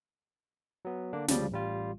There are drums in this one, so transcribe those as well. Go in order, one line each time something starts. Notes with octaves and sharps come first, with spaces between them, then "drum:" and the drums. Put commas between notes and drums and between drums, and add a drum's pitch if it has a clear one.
F#3 B3
D3 A#3 D4
D2 C#3 F3 G3 D5, drum: snare
A1 G3 F4